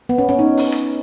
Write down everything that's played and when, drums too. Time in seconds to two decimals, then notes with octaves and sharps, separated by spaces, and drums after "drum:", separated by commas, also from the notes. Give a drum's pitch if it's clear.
0.09 B3
0.18 C#4
0.29 C#4
0.39 D#4
0.57 drum: open hi-hat
0.72 drum: rim click